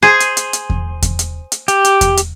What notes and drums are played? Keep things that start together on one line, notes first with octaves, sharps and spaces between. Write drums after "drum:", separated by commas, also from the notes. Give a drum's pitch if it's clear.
G#4 C5
drum: hi-hat
drum: hi-hat
drum: hi-hat
drum: kick E2
drum: kick E2, hi-hat
drum: hi-hat
drum: hi-hat
G4, drum: hi-hat
drum: hi-hat
drum: kick E2, hi-hat
drum: hi-hat